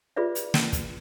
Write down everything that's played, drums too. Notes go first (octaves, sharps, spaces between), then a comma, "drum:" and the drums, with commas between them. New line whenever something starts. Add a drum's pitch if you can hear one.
F4 G#4 B4 D5 E5
drum: hi-hat
drum: snare
drum: kick, hi-hat